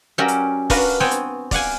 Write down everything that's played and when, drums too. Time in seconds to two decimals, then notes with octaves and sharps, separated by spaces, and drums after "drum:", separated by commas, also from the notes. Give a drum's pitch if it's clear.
0.18 F#3 C#4 F#4 G4 A#4 D5
0.28 drum: hi-hat
0.70 D4 F#4 A#4 B4 F5, drum: kick, open hi-hat
1.00 B3 C4 C#5 G5 G#5
1.11 drum: hi-hat
1.51 D5 F5 F#5 G#5, drum: kick, open hi-hat